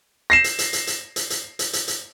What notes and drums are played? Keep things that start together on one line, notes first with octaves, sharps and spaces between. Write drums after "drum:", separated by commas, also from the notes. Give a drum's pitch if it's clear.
A#6 C7 E7
drum: hi-hat
drum: hi-hat
drum: hi-hat
drum: hi-hat
drum: hi-hat
drum: hi-hat
drum: hi-hat
drum: hi-hat
drum: hi-hat